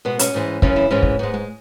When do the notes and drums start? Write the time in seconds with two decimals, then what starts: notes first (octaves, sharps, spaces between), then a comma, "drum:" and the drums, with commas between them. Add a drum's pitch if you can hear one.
0.05 B2 G#3 B3
0.19 C#4, drum: hi-hat
0.34 G#2 E3 G#3
0.62 F#2 C#3 E3 C#4, drum: kick
0.76 E4
0.91 G#2 E3 G#3 C#4
1.03 drum: kick
1.19 G#2 G#3 B3
1.34 G#3